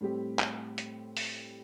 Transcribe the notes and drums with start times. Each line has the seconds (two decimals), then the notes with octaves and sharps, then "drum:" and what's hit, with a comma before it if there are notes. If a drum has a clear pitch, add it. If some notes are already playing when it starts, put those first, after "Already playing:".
0.01 A2 G3 C4 G4
0.39 drum: clap
0.78 drum: hi-hat
1.17 drum: open hi-hat